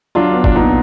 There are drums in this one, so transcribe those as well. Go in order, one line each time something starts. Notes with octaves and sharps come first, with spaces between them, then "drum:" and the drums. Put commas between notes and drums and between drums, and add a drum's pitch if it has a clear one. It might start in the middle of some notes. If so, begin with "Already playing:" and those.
F#3 D4 F4
B3
D4, drum: kick
A#2 B3 D#4